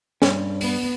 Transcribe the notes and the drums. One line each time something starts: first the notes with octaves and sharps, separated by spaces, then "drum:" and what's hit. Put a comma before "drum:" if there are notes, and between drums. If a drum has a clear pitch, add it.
G2, drum: snare
B3, drum: open hi-hat